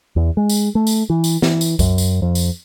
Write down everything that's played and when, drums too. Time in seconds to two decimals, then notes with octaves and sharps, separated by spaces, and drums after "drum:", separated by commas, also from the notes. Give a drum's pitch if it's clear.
0.16 E2
0.37 G#3
0.50 drum: tambourine
0.75 A3
0.87 drum: tambourine
1.10 E3
1.24 drum: tambourine
1.42 E3, drum: snare
1.61 drum: tambourine
1.79 F#2, drum: kick C2, tambourine
1.98 drum: tambourine
2.22 F2
2.35 drum: tambourine